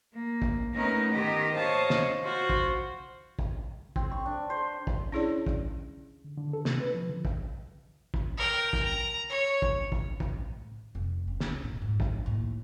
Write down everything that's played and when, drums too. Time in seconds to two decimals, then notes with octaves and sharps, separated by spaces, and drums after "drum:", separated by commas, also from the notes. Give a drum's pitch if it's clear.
0.14 A#3
0.42 drum: kick
0.75 A3 B3 C#4 D#4 A#4
1.12 D#3 G4 D#5
1.57 C5 C#5 D#5 F5 A5
1.90 drum: snare
2.22 F4 F#4 C5
2.50 drum: kick
3.39 drum: kick
3.96 C4, drum: kick
4.11 C#6
4.26 D4
4.50 C5
4.87 drum: kick
5.12 C#4 D4 E4 G#4 C#5 D5
5.47 drum: kick
6.24 D3
6.37 D3
6.53 A4
6.65 C3, drum: snare
6.80 B4
6.94 F3
7.09 D3
7.25 drum: kick
8.14 drum: kick
8.37 A#4 G5
8.73 drum: kick
8.84 A#5
9.30 C#5
9.62 drum: kick
9.92 drum: kick
10.20 A2, drum: kick
10.95 F1
11.27 C#2
11.40 drum: snare
11.64 A#2
11.82 G#2
12.00 drum: kick
12.26 D#2 A2